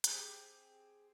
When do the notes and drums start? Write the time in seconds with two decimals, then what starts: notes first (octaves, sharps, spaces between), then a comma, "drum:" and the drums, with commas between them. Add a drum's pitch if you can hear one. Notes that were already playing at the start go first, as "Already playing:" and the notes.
0.04 C4 G4 G#4, drum: hi-hat